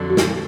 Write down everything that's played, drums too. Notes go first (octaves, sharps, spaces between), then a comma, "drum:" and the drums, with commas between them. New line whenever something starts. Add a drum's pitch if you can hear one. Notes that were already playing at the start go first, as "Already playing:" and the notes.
Already playing: F2 D3 F#3
F#4
G4, drum: snare